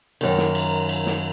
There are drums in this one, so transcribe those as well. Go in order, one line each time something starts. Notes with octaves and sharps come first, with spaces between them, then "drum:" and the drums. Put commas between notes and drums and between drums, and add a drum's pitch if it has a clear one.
F#2 D#3, drum: cymbal
drum: snare
drum: cymbal
drum: cymbal
drum: snare